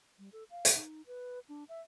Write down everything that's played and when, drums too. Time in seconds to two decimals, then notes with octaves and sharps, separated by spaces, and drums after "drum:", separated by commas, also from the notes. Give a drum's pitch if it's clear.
0.19 G3
0.33 A4
0.50 F5
0.65 drum: hi-hat
0.74 D#4
1.07 B4
1.49 D4
1.69 E5